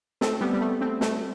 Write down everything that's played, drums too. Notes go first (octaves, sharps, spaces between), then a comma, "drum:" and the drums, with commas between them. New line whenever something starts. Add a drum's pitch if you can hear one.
A3 C4, drum: snare
G3 B3
G3
A3
A3 C4
A3, drum: snare